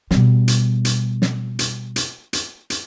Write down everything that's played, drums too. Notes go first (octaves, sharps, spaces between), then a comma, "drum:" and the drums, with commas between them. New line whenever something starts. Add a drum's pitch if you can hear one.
B2 G3, drum: snare
drum: hi-hat
drum: hi-hat
drum: snare
drum: hi-hat
drum: hi-hat
drum: hi-hat
drum: hi-hat